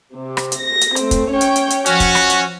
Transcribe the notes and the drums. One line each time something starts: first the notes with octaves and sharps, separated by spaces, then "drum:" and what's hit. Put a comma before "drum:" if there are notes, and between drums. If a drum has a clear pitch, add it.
C3
drum: rim click
drum: hi-hat
A#6
drum: hi-hat
A3 C4, drum: hi-hat
drum: kick, hi-hat
C#4 C#5 G5
drum: hi-hat
drum: hi-hat
drum: hi-hat
F3 C#4 F#4, drum: hi-hat
drum: kick, hi-hat
drum: rim click
drum: hi-hat